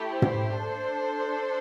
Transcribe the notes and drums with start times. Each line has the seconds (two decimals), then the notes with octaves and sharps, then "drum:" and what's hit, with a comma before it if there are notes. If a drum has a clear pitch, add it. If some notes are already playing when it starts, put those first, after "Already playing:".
Already playing: A3 E4 G4
0.13 C5
0.22 drum: tom
0.56 D4 A4